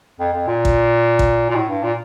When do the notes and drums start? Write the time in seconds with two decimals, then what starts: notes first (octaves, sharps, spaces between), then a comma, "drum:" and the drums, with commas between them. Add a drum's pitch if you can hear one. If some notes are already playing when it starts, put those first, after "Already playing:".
0.20 F2
0.33 F2
0.47 A#2
0.65 drum: kick A1
1.19 drum: kick A1
1.50 A#2
1.55 A2
1.69 G2
1.83 A#2